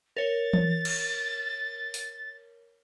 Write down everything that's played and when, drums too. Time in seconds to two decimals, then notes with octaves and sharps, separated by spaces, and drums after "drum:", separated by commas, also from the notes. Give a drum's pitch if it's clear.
0.17 A#4 C#5 A6
0.53 drum: tom E3
0.85 drum: cymbal
1.94 drum: open hi-hat